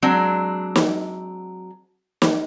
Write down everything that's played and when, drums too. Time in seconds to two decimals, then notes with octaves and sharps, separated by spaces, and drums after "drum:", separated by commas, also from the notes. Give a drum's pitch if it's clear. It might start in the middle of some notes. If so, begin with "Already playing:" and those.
0.02 F#3 G#3 C4 D4
0.76 drum: snare
2.22 drum: snare